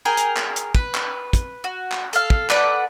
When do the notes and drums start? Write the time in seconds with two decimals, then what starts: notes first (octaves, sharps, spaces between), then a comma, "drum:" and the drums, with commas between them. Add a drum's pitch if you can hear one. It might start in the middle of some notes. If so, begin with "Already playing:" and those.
0.05 G#4 A#4 G5 G#5
0.17 drum: hi-hat
0.37 drum: clap
0.56 drum: hi-hat
0.75 B4, drum: kick
0.95 drum: clap
1.33 drum: kick, hi-hat
1.64 F#4
1.92 drum: clap
2.13 A4 F5, drum: hi-hat
2.30 drum: kick
2.50 A4 B4 D5 F#5, drum: clap